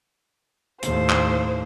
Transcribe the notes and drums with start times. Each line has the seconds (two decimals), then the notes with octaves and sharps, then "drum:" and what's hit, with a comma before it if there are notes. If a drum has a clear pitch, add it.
0.82 D#2 A2 C5, drum: hi-hat
1.10 drum: clap